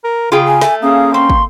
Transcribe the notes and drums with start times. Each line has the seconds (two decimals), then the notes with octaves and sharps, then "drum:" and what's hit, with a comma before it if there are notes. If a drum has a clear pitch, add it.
0.04 A#4
0.32 C#3 F4 G#4 G5
0.47 G#5
0.61 A3, drum: snare
0.83 A#3 C#4 G#4 F5 D#6
1.14 C4 C6 C#6
1.30 drum: kick